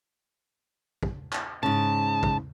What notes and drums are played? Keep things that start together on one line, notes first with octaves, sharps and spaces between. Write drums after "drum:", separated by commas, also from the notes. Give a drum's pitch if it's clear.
drum: kick
drum: clap
G#2 C#3 A5
drum: kick